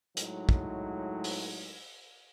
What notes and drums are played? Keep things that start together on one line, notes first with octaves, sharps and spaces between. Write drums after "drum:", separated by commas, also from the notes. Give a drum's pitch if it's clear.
A2 F#3 G#3 D#4, drum: hi-hat
drum: kick
drum: open hi-hat